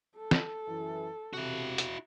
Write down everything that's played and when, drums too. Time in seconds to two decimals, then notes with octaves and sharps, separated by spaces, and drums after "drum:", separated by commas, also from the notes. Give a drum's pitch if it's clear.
0.17 A4
0.31 drum: snare
0.67 F#2 E3
1.33 C3 E4 F#4
1.78 drum: hi-hat